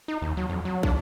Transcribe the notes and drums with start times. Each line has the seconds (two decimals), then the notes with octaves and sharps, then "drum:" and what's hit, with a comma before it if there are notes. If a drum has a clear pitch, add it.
0.08 D#4
0.22 D#2
0.37 F#3
0.49 F2
0.65 F#3
0.83 D4, drum: kick